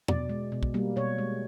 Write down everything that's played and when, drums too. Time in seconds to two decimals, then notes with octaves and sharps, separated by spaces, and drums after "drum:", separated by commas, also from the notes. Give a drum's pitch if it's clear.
0.08 B2 D5, drum: tom E2
0.29 G#3
0.52 B2
0.63 drum: kick
0.74 G3 A#3
0.96 B2 C#5
1.18 G#3